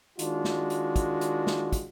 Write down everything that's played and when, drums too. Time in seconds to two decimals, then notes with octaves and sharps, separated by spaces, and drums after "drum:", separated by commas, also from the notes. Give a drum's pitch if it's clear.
0.19 D#3 G#3 D4 F4 F#4, drum: hi-hat
0.44 drum: snare
0.70 drum: hi-hat
0.96 drum: kick, hi-hat
1.21 drum: hi-hat
1.47 drum: snare
1.72 drum: kick, hi-hat